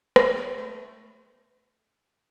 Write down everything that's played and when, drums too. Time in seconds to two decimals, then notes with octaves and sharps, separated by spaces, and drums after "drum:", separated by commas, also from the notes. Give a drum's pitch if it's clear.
0.16 C4, drum: rim click
0.37 B3
0.58 A3